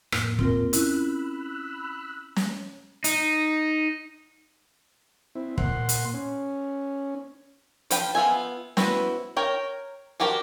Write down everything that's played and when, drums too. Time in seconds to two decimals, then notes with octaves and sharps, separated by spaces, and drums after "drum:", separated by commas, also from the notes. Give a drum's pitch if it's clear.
0.12 F2 A2 A#3, drum: rim click
0.39 C4 F4 A#4, drum: kick
0.73 C#4 E4 B5 E6 F#6, drum: hi-hat
2.36 drum: snare
3.04 D#4, drum: hi-hat
5.35 C4 E4
5.58 A#2 F#5 C6, drum: kick
5.89 drum: hi-hat
6.14 C#4
7.91 F3 B4 G5, drum: hi-hat
8.15 B3 F4 E5 G#5
8.77 B3 E4 F#4 B4 C5, drum: snare
9.36 A#4 C#5 G5
10.20 D4 F#4 G4 A#4 C5